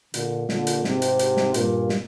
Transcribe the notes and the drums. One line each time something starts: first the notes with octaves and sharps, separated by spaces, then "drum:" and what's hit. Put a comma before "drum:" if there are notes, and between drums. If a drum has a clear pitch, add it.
A#2 D3, drum: hi-hat
A#2 D3, drum: snare
drum: hi-hat
G#2 C3, drum: snare
drum: hi-hat
drum: hi-hat
drum: snare
G2 A#2, drum: hi-hat
drum: snare